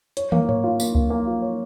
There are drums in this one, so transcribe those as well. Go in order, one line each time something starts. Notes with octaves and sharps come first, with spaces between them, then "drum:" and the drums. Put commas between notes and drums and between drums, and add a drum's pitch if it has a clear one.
C#5, drum: hi-hat
A#3, drum: tom
C#5, drum: tom G#2
F4
A#3, drum: tambourine
A#3, drum: kick C#2
A#3
F4
C#5